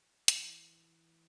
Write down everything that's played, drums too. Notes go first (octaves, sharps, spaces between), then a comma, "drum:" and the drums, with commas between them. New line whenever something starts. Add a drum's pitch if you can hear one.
E3, drum: hi-hat